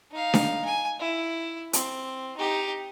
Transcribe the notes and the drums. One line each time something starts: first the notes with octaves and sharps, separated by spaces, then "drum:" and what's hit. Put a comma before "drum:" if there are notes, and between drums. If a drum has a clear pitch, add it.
D#4 F5
drum: snare D4
G#5
E4
C4, drum: hi-hat
D#4 G4